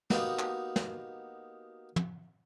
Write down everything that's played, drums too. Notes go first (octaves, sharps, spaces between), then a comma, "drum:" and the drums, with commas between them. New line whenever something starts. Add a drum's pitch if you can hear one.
A#3 B3 D#4 F#4 G4, drum: snare
drum: clap
drum: snare
drum: tom